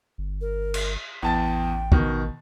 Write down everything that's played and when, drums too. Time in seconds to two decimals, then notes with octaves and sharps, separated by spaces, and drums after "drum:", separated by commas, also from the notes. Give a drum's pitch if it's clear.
0.18 G1
0.41 A#4
0.74 drum: cymbal
1.23 A1 E2 G5 A5 A6
1.92 B2 D#3, drum: kick